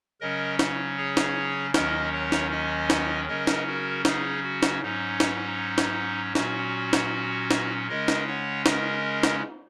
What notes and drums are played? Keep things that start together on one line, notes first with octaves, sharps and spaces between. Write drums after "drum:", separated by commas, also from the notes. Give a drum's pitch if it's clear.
C#3 F#3 C#4 A#4 D#5
drum: snare
G#4 C#5
drum: snare
D#2 D#3 F#3 C#4 A#4 D#5, drum: snare
C#5 F#5
drum: snare
D#5 G#5
drum: snare
C#3 F#3 C#4 A#4 D#5
drum: snare
F#4 A#4
D#4 G#4, drum: snare
F#4
drum: snare
G#2 F#3 C#4 D#4
drum: snare
drum: snare
A#2 F#3 C#4 F#4, drum: snare
drum: snare
drum: snare
C#3 G#3 C#4 A#4 D#5
drum: snare
C#5 F#5
A#4 D#5, drum: snare
drum: snare